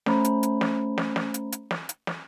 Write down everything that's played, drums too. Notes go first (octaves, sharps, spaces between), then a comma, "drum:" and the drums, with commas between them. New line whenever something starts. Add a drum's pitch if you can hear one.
A3 C#4 C5 A#5 B5, drum: snare
drum: hi-hat
drum: hi-hat
drum: snare
drum: snare
drum: snare
drum: hi-hat
drum: hi-hat
drum: snare
drum: hi-hat
drum: snare